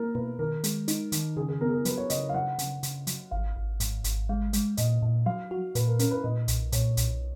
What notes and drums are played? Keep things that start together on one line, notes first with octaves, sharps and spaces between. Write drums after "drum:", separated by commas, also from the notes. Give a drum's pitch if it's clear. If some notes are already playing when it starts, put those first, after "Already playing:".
Already playing: A#3 A#4
B2 B4
D#3 A#4
G#3, drum: hi-hat
D#4, drum: hi-hat
D#3, drum: hi-hat
C#3 G#4
G#4
B3 A#4
G#4
A#4
F#3 B4, drum: hi-hat
C#5
C#3 D#5, drum: hi-hat
F5
F#3 F#5
C#3, drum: hi-hat
C#3, drum: hi-hat
F#3, drum: hi-hat
G#1 F5
G#1
G#2, drum: hi-hat
G#1, drum: hi-hat
G#3 F5
G#3, drum: hi-hat
A#2 D#5, drum: hi-hat
A#2
F#3 F5
F#4
A#2 B4, drum: hi-hat
A#4
C#4 A#4, drum: hi-hat
B4
A#2 D#5
B1, drum: hi-hat
A#2 C#5, drum: hi-hat
B1, drum: hi-hat